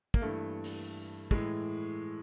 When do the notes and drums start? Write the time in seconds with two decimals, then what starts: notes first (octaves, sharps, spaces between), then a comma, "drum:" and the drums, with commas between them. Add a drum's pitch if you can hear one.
0.14 A#3, drum: kick
0.21 G2 E3 A3
0.64 drum: open hi-hat
1.31 A2 E3 G#3, drum: kick